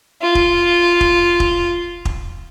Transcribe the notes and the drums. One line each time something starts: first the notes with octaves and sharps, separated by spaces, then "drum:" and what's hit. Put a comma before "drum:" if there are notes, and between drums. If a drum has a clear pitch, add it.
F4
drum: kick
drum: kick
drum: kick
drum: kick